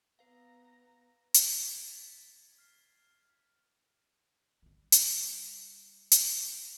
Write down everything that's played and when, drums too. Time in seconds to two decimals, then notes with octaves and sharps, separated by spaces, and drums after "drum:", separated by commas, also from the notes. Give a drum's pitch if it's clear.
0.19 B3 B4 F5 A#5
1.34 drum: hi-hat
1.45 G#6 A6 B6
2.58 F6 C7
4.62 D3 G3
4.92 drum: hi-hat
6.12 drum: hi-hat